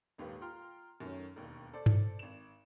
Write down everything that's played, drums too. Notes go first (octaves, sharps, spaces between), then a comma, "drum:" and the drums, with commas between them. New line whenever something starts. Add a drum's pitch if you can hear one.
D#1 D#2 G#2 G4 B4 F5
F4 G5 A#5 C6 F6
F#2 D#3 A3 C#4
E1 D#2
A4 C5 D5
drum: tom G2
G#1 E7